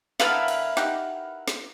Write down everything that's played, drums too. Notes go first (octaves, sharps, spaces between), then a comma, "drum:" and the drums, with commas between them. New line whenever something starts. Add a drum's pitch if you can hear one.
D3 B3 E4 A#4 B4 F5, drum: snare
drum: cymbal
D#4 G4 F#5, drum: snare
drum: snare